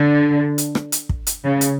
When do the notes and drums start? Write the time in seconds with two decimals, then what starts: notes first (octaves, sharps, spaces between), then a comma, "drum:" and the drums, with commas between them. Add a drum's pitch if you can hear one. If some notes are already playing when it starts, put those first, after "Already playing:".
Already playing: D3
0.58 drum: hi-hat
0.75 drum: rim click
0.92 drum: hi-hat
1.09 drum: kick
1.27 drum: hi-hat
1.44 C#3
1.61 drum: hi-hat